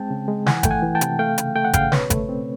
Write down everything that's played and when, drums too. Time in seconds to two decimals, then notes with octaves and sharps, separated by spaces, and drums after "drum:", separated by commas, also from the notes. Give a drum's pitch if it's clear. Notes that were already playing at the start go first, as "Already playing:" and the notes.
Already playing: G#3 C4 G5 A5
0.10 C#3
0.28 G#3
0.46 E3 F#5 G#5, drum: snare
0.63 A3 G5, drum: kick G#1, hi-hat
0.71 F#5 G#5
0.83 E3
0.95 G5 A5
1.01 C3, drum: hi-hat
1.19 A3 F5 G5
1.38 C#3, drum: hi-hat
1.55 A3 G5
1.65 F#5
1.73 C#3 F5 G5, drum: kick G#1, hi-hat
1.92 B2 B4 C#5, drum: snare
2.10 A3, drum: kick G#1, hi-hat
2.29 C4